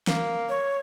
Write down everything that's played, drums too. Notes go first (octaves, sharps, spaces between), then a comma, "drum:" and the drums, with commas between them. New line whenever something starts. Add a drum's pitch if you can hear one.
A#3, drum: snare
C#5